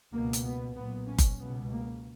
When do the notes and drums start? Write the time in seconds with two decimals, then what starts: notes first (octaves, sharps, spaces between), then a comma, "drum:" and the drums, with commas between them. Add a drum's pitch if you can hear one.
0.11 C#2 B2 A#3
0.33 drum: hi-hat
0.43 B3
0.76 B1 A#2 B3
1.08 C#4
1.18 drum: kick F#1, hi-hat
1.40 C#2 B2 B3
1.72 A#3